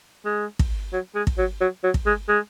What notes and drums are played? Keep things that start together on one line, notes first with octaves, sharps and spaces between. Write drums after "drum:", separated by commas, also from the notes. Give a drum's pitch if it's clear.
G#3
drum: kick
F#3
G#3
drum: kick
F#3
F#3
F#3
drum: kick
G#3
G#3